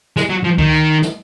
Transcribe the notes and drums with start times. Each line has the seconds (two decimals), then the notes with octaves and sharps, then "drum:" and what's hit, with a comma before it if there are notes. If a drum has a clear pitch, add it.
0.17 G#3, drum: snare
0.30 F#3
0.44 F3
0.59 D#3, drum: kick C#2
1.02 drum: snare